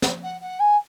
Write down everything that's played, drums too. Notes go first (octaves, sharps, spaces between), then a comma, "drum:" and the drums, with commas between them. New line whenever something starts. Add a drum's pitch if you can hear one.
drum: snare
F#5
F#5
G#5